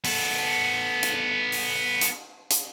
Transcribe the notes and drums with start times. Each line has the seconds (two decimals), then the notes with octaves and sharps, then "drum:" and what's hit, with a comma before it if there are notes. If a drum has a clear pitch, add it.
0.04 B3 A4, drum: open hi-hat
1.03 drum: hi-hat
1.52 drum: open hi-hat
2.01 drum: hi-hat
2.50 drum: hi-hat